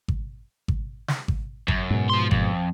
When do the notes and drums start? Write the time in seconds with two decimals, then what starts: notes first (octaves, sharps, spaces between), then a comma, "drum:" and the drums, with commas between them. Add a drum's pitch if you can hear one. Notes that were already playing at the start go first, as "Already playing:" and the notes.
0.08 drum: kick G#1
0.68 drum: kick G#1
1.08 drum: snare
1.28 drum: kick G#1
1.68 F#2, drum: kick G#1
1.90 G#2 B2
2.10 F3 C6
2.31 F2, drum: kick G#1